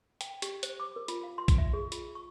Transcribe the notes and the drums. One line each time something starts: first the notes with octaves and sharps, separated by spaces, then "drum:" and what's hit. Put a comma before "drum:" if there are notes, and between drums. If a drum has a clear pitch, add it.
G5, drum: hi-hat
G4, drum: hi-hat
C5, drum: hi-hat
D6
A#4
F4, drum: hi-hat
F5
C6
drum: kick A#1, hi-hat
E5
G#4
F4, drum: hi-hat
C#6